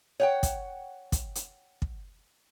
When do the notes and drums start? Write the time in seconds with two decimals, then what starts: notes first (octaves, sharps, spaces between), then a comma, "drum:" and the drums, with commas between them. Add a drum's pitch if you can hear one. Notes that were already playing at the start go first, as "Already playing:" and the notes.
0.20 C#5 F#5 G5
0.43 drum: kick, hi-hat
1.12 drum: kick, hi-hat
1.35 drum: hi-hat
1.82 drum: kick